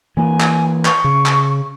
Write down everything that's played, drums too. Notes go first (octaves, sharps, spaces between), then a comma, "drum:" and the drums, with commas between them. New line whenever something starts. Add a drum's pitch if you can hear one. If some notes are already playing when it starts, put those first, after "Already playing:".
E3 A#3 G#5
drum: clap
C#6, drum: clap
C#3
drum: clap